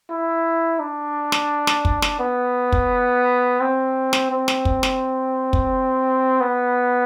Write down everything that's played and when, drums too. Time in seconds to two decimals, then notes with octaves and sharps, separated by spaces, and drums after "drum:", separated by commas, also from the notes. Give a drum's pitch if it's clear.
0.10 E4
0.80 D4
1.32 drum: snare
1.67 drum: snare
1.85 drum: kick
2.02 drum: snare
2.19 B3
2.72 drum: kick
3.61 C4
4.13 drum: snare
4.30 C4
4.48 drum: snare
4.65 drum: kick
4.83 drum: snare
5.53 drum: kick
6.40 B3